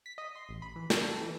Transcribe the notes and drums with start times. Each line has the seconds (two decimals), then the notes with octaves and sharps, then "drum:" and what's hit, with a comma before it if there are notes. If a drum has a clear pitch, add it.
0.06 B6
0.18 D#5
0.35 C6
0.49 A1
0.62 B5
0.76 E3
0.90 D3, drum: snare
1.03 A4
1.21 E3